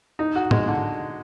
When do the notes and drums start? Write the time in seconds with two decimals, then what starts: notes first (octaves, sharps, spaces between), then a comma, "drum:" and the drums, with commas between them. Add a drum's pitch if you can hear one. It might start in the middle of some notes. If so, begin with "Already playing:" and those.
0.19 D#4
0.36 F#4
0.51 G#3, drum: tom
0.68 D3